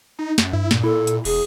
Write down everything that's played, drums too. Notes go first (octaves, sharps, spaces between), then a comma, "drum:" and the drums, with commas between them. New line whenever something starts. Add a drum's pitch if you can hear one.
D#4
F#2, drum: snare
G2 E4
A#2, drum: snare
E4 A4
drum: hi-hat
E1 G#4, drum: cymbal